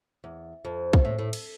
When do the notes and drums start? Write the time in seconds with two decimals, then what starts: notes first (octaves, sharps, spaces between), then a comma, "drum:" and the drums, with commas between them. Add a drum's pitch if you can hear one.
0.24 E2
0.65 F2
0.93 drum: kick
1.05 A2
1.19 A2
1.33 drum: cymbal